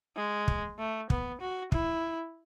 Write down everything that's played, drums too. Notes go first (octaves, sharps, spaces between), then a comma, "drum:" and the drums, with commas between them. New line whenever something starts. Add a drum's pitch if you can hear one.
G#3
drum: kick
A3
B3, drum: kick
F#4
E4, drum: kick